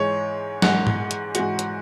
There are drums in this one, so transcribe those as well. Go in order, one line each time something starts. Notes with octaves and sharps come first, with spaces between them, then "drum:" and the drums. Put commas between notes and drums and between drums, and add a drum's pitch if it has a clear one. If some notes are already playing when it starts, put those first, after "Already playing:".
Already playing: G#2 E3 G#3 C#5
G#2 E3 G#3 F#5, drum: snare
drum: tom G#2
drum: hi-hat
G#2 E3 G#3 F#4, drum: hi-hat
drum: hi-hat